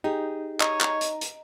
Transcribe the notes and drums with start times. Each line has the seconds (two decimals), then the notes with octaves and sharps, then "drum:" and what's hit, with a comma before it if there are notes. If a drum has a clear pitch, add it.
0.04 D#4 G4 G#4
0.61 C#5 D#5 A#5, drum: clap
0.81 drum: clap
1.01 drum: hi-hat
1.21 drum: hi-hat